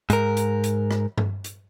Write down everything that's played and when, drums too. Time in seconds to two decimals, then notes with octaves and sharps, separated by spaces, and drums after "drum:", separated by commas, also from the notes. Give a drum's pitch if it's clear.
0.10 G#2 A#4, drum: hi-hat
0.37 drum: hi-hat
0.64 drum: hi-hat
0.91 drum: rim click
1.18 drum: tom G2
1.44 drum: hi-hat